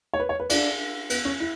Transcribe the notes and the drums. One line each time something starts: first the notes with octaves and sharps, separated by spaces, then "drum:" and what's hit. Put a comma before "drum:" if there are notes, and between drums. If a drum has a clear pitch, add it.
C#5
B4
C#5
B4
D4, drum: cymbal
B3, drum: cymbal
C#4
E4